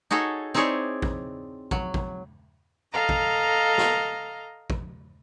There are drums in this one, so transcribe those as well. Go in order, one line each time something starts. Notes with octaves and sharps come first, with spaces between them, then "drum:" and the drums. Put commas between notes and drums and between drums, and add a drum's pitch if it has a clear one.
D#4 F#4 G#4 A4 C#5
C4 D#4 E4 G#4 C#5 D5
drum: kick
F#3, drum: kick
drum: kick
A4 D#5 F5 A#5
drum: kick
drum: snare
drum: kick